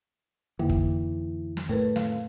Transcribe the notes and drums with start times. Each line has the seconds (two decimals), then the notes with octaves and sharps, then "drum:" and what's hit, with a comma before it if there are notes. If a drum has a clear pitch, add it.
0.59 F2 D3 E3 A#3
0.70 drum: kick
1.57 drum: snare
1.69 A2 A3 A#4 B4
1.96 F5, drum: snare